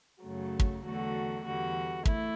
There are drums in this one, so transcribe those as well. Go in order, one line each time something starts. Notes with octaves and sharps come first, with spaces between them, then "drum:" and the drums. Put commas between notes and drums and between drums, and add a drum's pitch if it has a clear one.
F#2 C#3 F#3 A3
drum: kick
E2 D3 F#3 A3 F#4
E2 D3 G3 F#4
A3 E4, drum: kick